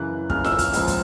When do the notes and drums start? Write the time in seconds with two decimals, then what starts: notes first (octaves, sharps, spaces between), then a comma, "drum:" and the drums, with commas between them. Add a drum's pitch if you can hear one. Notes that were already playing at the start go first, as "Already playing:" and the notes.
Already playing: F#2 C#3 E3 F#6
0.30 F#2 C#3 E3 F6, drum: kick
0.45 E6, drum: snare F4
0.59 F6, drum: kick, hi-hat
0.73 C#2 C#3 F3, drum: hi-hat
0.88 drum: kick, hi-hat